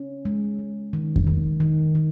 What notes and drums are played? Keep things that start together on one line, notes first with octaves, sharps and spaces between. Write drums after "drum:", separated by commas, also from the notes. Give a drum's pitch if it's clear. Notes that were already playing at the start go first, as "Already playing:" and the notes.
Already playing: C#4
G#3
G#3
D#3
drum: kick F2
D#3
D#3
D#3